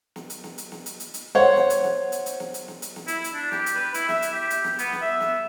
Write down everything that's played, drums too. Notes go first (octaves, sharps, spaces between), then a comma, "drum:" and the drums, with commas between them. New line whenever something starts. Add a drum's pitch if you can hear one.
drum: snare
drum: hi-hat
drum: snare
drum: hi-hat
drum: snare
drum: hi-hat
drum: hi-hat
drum: hi-hat
C5 C#5 F#5
drum: snare
drum: hi-hat
drum: snare
drum: hi-hat
drum: hi-hat
drum: snare
drum: hi-hat
drum: snare
drum: hi-hat
drum: snare
E4, drum: hi-hat
drum: hi-hat
D4
G4, drum: snare
drum: hi-hat
B4
E4, drum: hi-hat
E5, drum: snare
drum: hi-hat
G4
drum: hi-hat
drum: snare
B3, drum: hi-hat
drum: snare
E5
drum: snare